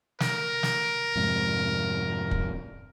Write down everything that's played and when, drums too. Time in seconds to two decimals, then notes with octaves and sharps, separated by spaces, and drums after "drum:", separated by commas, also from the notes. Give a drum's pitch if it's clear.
0.20 A#4, drum: snare
0.63 drum: snare
1.16 F2 G#2 C3
2.31 drum: kick